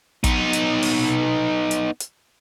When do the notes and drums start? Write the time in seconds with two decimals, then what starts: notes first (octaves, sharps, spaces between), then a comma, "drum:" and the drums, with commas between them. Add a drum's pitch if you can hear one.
0.24 B3 D#4, drum: kick, hi-hat
0.53 drum: hi-hat
0.83 drum: open hi-hat
1.71 drum: hi-hat
2.00 drum: hi-hat